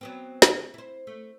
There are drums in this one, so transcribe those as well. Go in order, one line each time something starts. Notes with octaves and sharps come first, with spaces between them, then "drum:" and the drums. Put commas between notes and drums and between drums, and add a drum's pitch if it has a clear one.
F#3 B3 C4
D3, drum: snare
E4 C5
A3